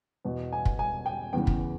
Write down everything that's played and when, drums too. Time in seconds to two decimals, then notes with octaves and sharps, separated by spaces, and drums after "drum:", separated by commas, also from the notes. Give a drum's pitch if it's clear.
0.25 E2 B2
0.52 G#5
0.65 drum: kick
0.79 G#5
1.06 G5
1.33 E2 C#3 E3 G5
1.47 drum: kick